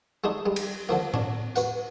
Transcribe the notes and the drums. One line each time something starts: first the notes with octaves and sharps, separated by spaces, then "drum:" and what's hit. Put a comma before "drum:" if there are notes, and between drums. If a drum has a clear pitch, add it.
G#3 A3 D4 D#4
G3 G#3
drum: cymbal
D3 F3 A#3
C#4 D4, drum: tom A2
F#4 B4 F#5, drum: tambourine